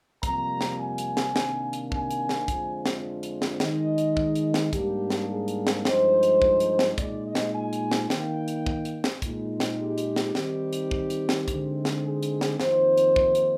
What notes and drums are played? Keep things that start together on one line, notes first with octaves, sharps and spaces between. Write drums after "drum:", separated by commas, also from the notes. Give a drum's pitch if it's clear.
F2 C3 G3 A#3 A#5, drum: kick, hi-hat
drum: snare
G#5
drum: hi-hat
drum: snare
C3 D#3 A#3 D4, drum: snare
drum: hi-hat
G#5, drum: kick
drum: hi-hat
drum: snare
F2 D3 F3 G#3 D4, drum: kick, hi-hat
drum: snare
drum: hi-hat
drum: snare
D#3 G#3 D#4 D#5, drum: snare
drum: hi-hat
drum: kick
drum: hi-hat
drum: snare
G#2 G3 A#3 D4 G4, drum: kick, hi-hat
drum: snare
G#4
drum: hi-hat
drum: snare
G2 F3 G#3 D#4 C5, drum: snare
drum: hi-hat
drum: kick
drum: hi-hat
drum: snare
A#2 G#3 D#4 D5, drum: kick, hi-hat
D#5
drum: snare
G#5
drum: hi-hat
drum: snare
D#3 A#3 D#4 G5, drum: snare
drum: hi-hat
drum: kick
drum: hi-hat
drum: snare
A#2 G#3 D#4, drum: kick, hi-hat
drum: snare
G4
drum: hi-hat
drum: snare
D#3 G3 C4 D#4, drum: snare
drum: hi-hat
drum: kick
drum: hi-hat
drum: snare
D3 G#3 C4 D#4, drum: kick, hi-hat
drum: snare
G#4
drum: hi-hat
drum: snare
F2 D#3 A#3 D#4 C5, drum: snare
drum: hi-hat
drum: kick
drum: hi-hat